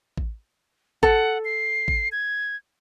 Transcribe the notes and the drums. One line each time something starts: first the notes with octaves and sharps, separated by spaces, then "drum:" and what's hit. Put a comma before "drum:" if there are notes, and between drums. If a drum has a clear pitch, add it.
drum: kick A1
A4 F#5, drum: kick A1
C7
drum: kick A1
G#6